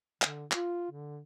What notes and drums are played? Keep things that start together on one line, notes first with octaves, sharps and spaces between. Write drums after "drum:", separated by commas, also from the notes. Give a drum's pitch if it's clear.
D3, drum: clap
F4, drum: clap
D3